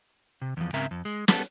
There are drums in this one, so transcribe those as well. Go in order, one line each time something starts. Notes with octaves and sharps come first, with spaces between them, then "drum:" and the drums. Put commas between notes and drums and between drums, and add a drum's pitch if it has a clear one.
C3
E2 F3
G#2 C#3 C4 A#4 E5 A#5
F2
G#3
G3 B3 A4, drum: snare